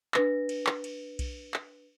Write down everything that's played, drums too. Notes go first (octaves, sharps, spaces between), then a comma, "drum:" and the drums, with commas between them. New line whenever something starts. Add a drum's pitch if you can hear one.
D4 B4 A#6, drum: clap
drum: cymbal
drum: clap
drum: cymbal
drum: kick B1, cymbal
drum: clap